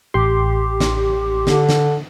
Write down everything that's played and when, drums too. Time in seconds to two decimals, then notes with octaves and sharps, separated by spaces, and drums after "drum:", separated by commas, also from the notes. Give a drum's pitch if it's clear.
0.14 A1 G4 G5 C6
0.80 drum: snare
1.47 D3, drum: snare
1.69 drum: snare